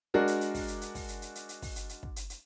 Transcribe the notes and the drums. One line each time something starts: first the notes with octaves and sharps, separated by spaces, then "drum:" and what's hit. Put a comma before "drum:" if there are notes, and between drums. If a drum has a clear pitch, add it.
G#3 D4 F#4 A#4
drum: hi-hat
drum: hi-hat
drum: kick, open hi-hat
drum: hi-hat
drum: hi-hat
drum: kick, open hi-hat
drum: hi-hat
drum: hi-hat
drum: hi-hat
drum: hi-hat
drum: kick, open hi-hat
drum: hi-hat
drum: hi-hat
drum: kick
drum: hi-hat
drum: hi-hat